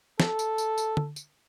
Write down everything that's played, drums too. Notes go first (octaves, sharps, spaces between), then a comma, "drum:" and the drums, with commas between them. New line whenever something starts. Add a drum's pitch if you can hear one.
A4, drum: snare
drum: tambourine
drum: tambourine
drum: tambourine
drum: tom
drum: tambourine